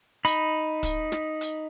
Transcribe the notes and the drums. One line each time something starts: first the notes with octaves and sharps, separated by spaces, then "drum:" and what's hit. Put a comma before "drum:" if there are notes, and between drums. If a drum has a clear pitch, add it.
D#4 B5, drum: hi-hat
drum: kick, hi-hat
drum: snare
drum: hi-hat